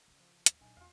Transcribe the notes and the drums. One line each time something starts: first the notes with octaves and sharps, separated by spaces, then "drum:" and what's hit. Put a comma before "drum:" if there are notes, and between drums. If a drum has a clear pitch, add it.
C#3 C#4
F3
D#2, drum: hi-hat
A#2 F#3 D4 D#4 G#5
E2 F4 F5